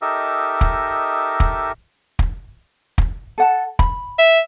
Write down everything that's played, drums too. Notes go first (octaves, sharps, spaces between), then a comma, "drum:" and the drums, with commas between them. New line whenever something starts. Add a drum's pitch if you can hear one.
D#4 G4 A4 A#4 D#5 E5
drum: kick
drum: kick
drum: kick
drum: kick
A4 F#5 A5
B5, drum: kick
E5